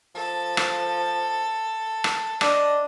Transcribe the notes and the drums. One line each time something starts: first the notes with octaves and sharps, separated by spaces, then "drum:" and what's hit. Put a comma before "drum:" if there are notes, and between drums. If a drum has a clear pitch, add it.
F3 A4
drum: rim click
drum: rim click
D4 D#5, drum: rim click